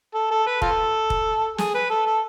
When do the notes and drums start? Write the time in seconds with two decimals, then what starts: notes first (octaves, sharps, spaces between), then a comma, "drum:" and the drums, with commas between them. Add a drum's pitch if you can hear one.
0.14 A4
0.31 A4
0.46 B4
0.62 F4 A4, drum: kick
1.10 drum: kick
1.58 G#4, drum: snare
1.75 B4
1.90 A4
2.06 A4